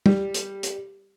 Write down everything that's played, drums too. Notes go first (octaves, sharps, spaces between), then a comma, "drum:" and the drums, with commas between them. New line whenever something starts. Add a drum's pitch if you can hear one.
G3, drum: tom
drum: hi-hat
drum: hi-hat